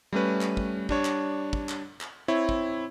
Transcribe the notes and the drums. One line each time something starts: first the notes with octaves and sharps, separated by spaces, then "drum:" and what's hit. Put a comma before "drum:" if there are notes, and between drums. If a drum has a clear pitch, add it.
G3 A3 C#4 B4
drum: clap
drum: kick
G3 D4 C#5, drum: kick
drum: clap
drum: kick
drum: clap
drum: clap
C4 E4 C#5
drum: kick